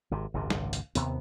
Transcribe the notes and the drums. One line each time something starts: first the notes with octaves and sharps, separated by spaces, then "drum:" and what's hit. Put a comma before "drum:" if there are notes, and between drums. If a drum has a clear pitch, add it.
G#1 C3
G#1 C#2 F#2 C3
drum: snare
drum: hi-hat
D#2 C3 B3, drum: hi-hat